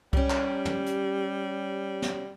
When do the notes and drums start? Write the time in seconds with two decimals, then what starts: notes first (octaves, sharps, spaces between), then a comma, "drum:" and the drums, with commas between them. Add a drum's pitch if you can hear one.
0.13 G3 C#4 G4, drum: kick C2
0.30 drum: clap
0.65 drum: tom
0.86 drum: hi-hat
2.02 drum: snare